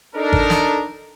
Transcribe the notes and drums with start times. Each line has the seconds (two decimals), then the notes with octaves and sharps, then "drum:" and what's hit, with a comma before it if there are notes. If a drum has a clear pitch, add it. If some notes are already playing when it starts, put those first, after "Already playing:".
0.15 D4 D#4 A4 A#4
0.33 drum: kick G#1
0.50 drum: snare